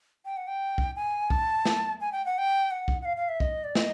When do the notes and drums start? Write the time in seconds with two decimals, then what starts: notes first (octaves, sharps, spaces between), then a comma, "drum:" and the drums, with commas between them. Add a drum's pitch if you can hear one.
0.25 G5
0.37 F#5
0.47 G5
0.78 drum: kick
0.96 G#5
1.30 A5, drum: kick
1.66 drum: snare
2.01 G#5
2.12 G5
2.26 F#5
2.38 G5
2.71 F#5
2.88 drum: kick
3.02 F#5
3.05 F5
3.17 F5
3.29 E5
3.40 D#5, drum: kick
3.64 D5
3.75 D#5, drum: snare